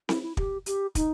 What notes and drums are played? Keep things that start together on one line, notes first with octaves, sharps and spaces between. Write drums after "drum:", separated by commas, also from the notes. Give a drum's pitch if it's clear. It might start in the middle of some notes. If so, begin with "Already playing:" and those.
E4, drum: snare C4
E4
G4, drum: kick
G4, drum: hi-hat
D#4, drum: kick, hi-hat